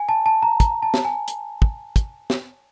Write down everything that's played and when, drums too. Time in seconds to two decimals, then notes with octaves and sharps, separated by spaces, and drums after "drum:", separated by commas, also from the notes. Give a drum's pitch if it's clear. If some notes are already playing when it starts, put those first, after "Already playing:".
Already playing: G#5
0.09 A5
0.26 A5
0.43 A#5
0.60 A#5, drum: kick, hi-hat
0.83 A5
0.94 drum: snare
1.05 G#5
1.28 drum: hi-hat
1.62 drum: kick
1.96 drum: kick, hi-hat
2.30 drum: snare